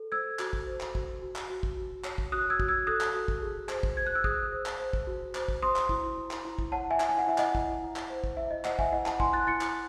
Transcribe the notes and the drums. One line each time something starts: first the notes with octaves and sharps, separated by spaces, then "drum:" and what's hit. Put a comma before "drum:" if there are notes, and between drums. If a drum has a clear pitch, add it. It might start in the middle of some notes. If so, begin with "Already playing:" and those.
Already playing: A4
C5 E6 G#6
F#4, drum: clap
drum: kick
C5
drum: clap
F#4, drum: kick
F#4
drum: clap
F#4
drum: kick
F#4
C#5, drum: clap
drum: kick
F#4 D#6 F#6
E6 G#6
F#4, drum: kick
E6 G#6
A4 D#6 F#6
drum: clap
F#4
drum: kick
G#4
C5, drum: clap
drum: kick
C5 G#6
F#6
E6
G#4 D#6 F#6, drum: kick
C5
drum: clap
C5
drum: kick
F#4
C5, drum: clap
drum: kick
C5 C6 D#6
drum: clap
E4, drum: kick
E4
drum: clap
E4
drum: kick
C#5 F#5 A5
E5 G#5
E4, drum: clap
G#5
F#5
E4 E5
D#5 F#5, drum: clap
E4, drum: kick
E4
drum: clap
C5
drum: kick
E4 E5
D#5
C5 D#5 F#5, drum: clap
E5 G#5, drum: kick
E4 D#5 F#5
F#5 A5, drum: clap
E4 G#5 C6, drum: kick
F#6 A6
E4 A6 C#7
drum: clap